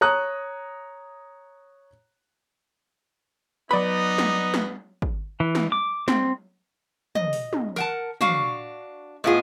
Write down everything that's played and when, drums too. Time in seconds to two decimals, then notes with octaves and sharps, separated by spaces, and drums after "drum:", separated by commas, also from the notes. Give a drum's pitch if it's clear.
0.01 C#5 A#5 D#6 F#6
3.71 F#3 B3 D#4 B4 D5 B5
4.18 drum: snare
4.54 drum: snare
5.02 drum: kick
5.40 E3
5.55 drum: snare
5.72 D6
6.08 C4, drum: snare
7.15 D#5, drum: tom
7.33 drum: open hi-hat
7.53 drum: tom
7.76 A#4 F#5 A5
8.21 D4 F#4 F5, drum: tom
9.24 A2 B3 F4 G#4 D#5